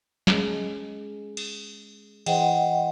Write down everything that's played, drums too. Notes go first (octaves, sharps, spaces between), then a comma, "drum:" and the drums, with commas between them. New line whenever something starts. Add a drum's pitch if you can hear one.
G#3 C#4, drum: snare
drum: cymbal
E3 G#4 C5 D#5 F#5 G5, drum: cymbal